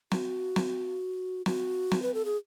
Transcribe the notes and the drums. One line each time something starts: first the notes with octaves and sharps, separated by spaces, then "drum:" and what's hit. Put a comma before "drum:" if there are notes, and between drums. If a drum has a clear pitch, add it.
F#4, drum: snare
drum: snare
F#4, drum: snare
drum: snare
B4
A4
G#4